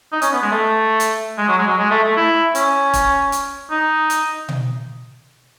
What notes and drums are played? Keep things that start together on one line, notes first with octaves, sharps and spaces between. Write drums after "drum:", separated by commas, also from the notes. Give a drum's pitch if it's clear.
D#4
C#4, drum: hi-hat
B3
G#3
A3
drum: hi-hat
G#3
F#3
G#3
F#3
G#3
A3
A3
E4
C#4, drum: hi-hat
drum: kick, hi-hat
drum: hi-hat
D#4
drum: hi-hat
drum: tom B2